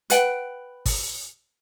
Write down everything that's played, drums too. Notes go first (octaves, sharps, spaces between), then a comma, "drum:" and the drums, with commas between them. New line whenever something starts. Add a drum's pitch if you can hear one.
B4 F#5 G5, drum: hi-hat
drum: kick, open hi-hat